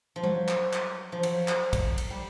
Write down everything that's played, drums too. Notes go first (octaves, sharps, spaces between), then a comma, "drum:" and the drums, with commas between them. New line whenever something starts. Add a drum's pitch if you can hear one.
F3
F#3, drum: tom
drum: clap
drum: clap
F3
F#3, drum: cymbal
drum: clap
drum: kick, cymbal
drum: cymbal
G3